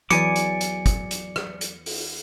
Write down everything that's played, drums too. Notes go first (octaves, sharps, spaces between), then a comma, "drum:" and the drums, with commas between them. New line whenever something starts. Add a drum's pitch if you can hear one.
E2 F#3 D5 G#5 D6 C#7, drum: hi-hat
drum: hi-hat
drum: hi-hat
drum: kick, hi-hat
drum: hi-hat
drum: rim click
drum: hi-hat
drum: open hi-hat